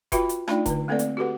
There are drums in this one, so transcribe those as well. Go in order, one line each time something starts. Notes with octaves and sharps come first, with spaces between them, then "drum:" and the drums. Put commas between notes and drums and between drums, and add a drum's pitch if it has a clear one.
F4 F#4 B4 E5 G5 B5, drum: kick F1, hi-hat
drum: hi-hat
A3 D4 D#4 F4 D5 G5, drum: rim click
D3 B4, drum: kick F1, hi-hat
A3 A#3 C4 A4 B4 D5
drum: hi-hat
F#4 G4 A4 B4 F#5